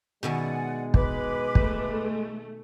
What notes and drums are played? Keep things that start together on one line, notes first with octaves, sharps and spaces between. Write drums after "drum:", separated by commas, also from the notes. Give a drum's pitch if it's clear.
B2 D#3 G#3 E4 D5 F#5 G#5
B4 B5 D6, drum: kick
A3, drum: kick